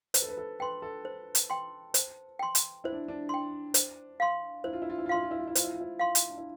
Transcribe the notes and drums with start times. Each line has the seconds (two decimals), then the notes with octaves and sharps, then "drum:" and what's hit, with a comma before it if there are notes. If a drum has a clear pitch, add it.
0.14 B4 C5, drum: hi-hat
0.22 A4
0.28 B4
0.37 A4
0.60 B4 G5 C6
0.82 A4
1.05 C5
1.35 drum: hi-hat
1.50 G5 C6
1.94 C5, drum: hi-hat
2.39 G5 C6
2.55 drum: hi-hat
2.84 E4 C5
2.93 D4
3.08 D4
3.29 G5 C6
3.74 C5, drum: hi-hat
4.20 F5 C6
4.64 E4 C5
4.73 F4
4.82 E4
4.89 F4
4.98 E4
5.06 F4
5.09 E4 F5 C6
5.23 F4
5.31 E4
5.39 F4
5.47 E4
5.55 F4 C5, drum: hi-hat
5.64 E4
5.73 F4
5.81 E4
5.99 F5 C6
6.15 drum: hi-hat
6.29 D4
6.38 E4